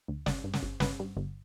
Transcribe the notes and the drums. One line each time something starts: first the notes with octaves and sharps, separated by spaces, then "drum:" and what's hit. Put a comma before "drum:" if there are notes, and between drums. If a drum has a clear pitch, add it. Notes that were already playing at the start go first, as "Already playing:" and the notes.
D2
G1 D5, drum: snare
G2
drum: snare
G1
G1 B4, drum: snare
G2
G1